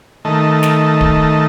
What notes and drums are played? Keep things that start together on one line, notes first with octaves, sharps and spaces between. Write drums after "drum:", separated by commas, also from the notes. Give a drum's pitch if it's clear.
D#3 A3
drum: snare
drum: kick